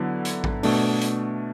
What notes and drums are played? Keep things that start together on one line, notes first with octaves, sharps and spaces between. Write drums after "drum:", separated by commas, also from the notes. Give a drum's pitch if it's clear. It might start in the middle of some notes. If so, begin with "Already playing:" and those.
Already playing: D3 F#3 B3 E4
drum: hi-hat
drum: kick A1
B2 A3 D4, drum: open hi-hat
drum: hi-hat